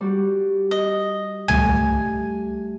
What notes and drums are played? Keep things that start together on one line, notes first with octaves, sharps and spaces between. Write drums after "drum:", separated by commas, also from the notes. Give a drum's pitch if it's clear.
G3 F#4 G4
D#5
G3 A3 G#5, drum: tom